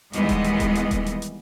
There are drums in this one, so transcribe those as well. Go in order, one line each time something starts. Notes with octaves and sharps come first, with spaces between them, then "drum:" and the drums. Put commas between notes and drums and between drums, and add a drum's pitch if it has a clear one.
D#2 E3 G3 G#3 B3 D#5, drum: hi-hat
drum: kick D#1, hi-hat
drum: hi-hat
drum: kick D#1, hi-hat
drum: hi-hat
drum: kick D#1, hi-hat
drum: hi-hat
drum: hi-hat